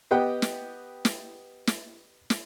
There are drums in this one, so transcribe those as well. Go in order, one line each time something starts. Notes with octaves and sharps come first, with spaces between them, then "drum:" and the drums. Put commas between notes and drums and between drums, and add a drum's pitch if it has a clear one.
B3 G4 D#5 F#5 G5
drum: snare
drum: snare
drum: snare
drum: snare